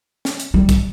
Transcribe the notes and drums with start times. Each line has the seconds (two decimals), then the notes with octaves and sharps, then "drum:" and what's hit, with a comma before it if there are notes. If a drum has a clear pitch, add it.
0.25 drum: snare
0.40 drum: hi-hat
0.54 G3
0.69 drum: kick, hi-hat